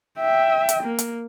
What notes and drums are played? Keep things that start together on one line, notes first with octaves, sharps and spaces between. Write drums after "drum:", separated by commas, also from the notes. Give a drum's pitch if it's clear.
E5 G5
drum: hi-hat
A#3
drum: hi-hat